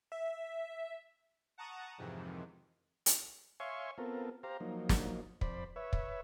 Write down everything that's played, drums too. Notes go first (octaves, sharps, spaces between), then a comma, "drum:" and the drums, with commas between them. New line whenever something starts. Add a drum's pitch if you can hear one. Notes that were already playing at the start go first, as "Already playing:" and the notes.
E5
F#5 A5 A#5 C#6 D#6
F2 G#2 C3 D#3 E3
drum: hi-hat
C#5 E5 F5 G#5 C6 C#6
B3 C4 F4 A4 A#4
G4 C5 F5 A#5
F3 F#3 A#3 D#4
drum: snare
F2 C5 D5 B5, drum: kick
B4 C#5 E5
drum: kick